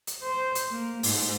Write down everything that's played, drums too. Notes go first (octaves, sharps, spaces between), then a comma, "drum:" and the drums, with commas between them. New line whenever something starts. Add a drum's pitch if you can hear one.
drum: hi-hat
C5
drum: hi-hat
A#3
G#2, drum: open hi-hat